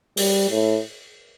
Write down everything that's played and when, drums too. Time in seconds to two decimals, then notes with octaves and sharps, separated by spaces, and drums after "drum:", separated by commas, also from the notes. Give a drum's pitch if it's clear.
0.17 G3, drum: open hi-hat
0.50 A2